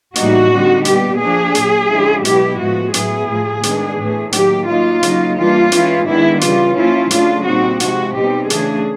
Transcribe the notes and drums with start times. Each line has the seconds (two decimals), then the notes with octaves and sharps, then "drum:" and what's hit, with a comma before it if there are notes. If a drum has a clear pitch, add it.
0.15 A2 E3 G3 A#3 D#4 F#4, drum: hi-hat
0.51 D3 G3 C4 D#4
0.85 A#2 G3 B3 G4, drum: hi-hat
1.20 F3 A3 D4 G#4
1.55 A#2 F#3 A#3, drum: hi-hat
1.90 D3 F3 G#3 C#4 E4
2.25 B2 F#3 B3 E4 G4, drum: hi-hat
2.60 A2 F3 G#3 B3 F#4
2.94 A2 F#3 B3 E4 G#4, drum: hi-hat
3.28 A2 F3 A3
3.63 D#3 G#3 B3 D4, drum: hi-hat
3.99 A2 E3 A3
4.32 D#3 F#3 A#3 G4, drum: hi-hat
4.68 F#3 A#3 D#4 F4
5.03 C#3 F#3 A#3 D#4, drum: hi-hat
5.38 E3 G3 A#3 D4 F4
5.72 E3 G#3 C#4 E4, drum: hi-hat
6.06 D#3 G#3 B3 D4 E4
6.41 C#3 E3 G3 F4, drum: hi-hat
6.76 F3 A#3 C#4 E4 F4
7.11 C#3 F#3 A3 D4 F4, drum: hi-hat
7.45 A#2 G3 C4 D#4 F#4
7.80 C3 F3 G#3 F#4, drum: hi-hat
8.15 B2 G3 C4 D#4 G4
8.50 C#3 E3 A3 D4 G#4, drum: hi-hat